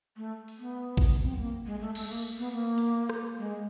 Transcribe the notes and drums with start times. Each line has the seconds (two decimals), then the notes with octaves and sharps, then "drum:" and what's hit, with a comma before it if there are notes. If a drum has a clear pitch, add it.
0.17 A3
0.48 drum: open hi-hat
0.59 B3
0.97 drum: kick
1.23 C4
1.38 A#3
1.66 G#3
1.81 A3
1.95 A3, drum: cymbal
2.09 A#3
2.38 B3
2.53 A#3
2.78 drum: hi-hat
3.09 drum: rim click
3.38 G#3